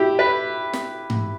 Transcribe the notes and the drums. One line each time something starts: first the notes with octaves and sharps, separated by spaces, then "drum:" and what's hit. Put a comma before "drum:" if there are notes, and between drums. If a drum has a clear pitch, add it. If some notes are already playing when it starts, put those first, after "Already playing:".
Already playing: E4 G4
B4
drum: snare
drum: tom G#2